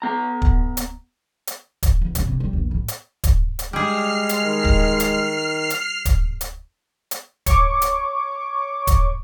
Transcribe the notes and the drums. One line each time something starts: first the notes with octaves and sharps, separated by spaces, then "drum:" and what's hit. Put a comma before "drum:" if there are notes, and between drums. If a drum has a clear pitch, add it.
B3 A#5
drum: kick
drum: hi-hat
drum: hi-hat
drum: kick, hi-hat
E2
A2 C#3, drum: hi-hat
C3
G3
A#1 E2
A2
drum: hi-hat
drum: kick, hi-hat
drum: hi-hat
G3 G#3 G#4 F6 C7
drum: hi-hat
D#3
drum: kick
drum: hi-hat
drum: hi-hat
drum: kick, hi-hat
drum: hi-hat
drum: hi-hat
C#5 C#6 D6, drum: kick, hi-hat
drum: hi-hat
drum: kick, hi-hat